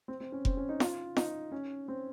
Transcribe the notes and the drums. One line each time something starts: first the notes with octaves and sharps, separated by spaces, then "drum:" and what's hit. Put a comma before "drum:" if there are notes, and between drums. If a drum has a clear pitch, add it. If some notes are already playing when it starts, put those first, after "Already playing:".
C4
C4
C#4
C4, drum: kick F1
C#4
D#4
F4, drum: snare
D#4, drum: snare
C#4
C4